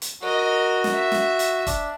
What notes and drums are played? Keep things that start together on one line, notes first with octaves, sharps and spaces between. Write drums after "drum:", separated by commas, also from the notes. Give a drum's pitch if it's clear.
drum: hi-hat
F#4 A#4 D#5
drum: snare
E5
drum: snare
drum: hi-hat
D4, drum: kick, hi-hat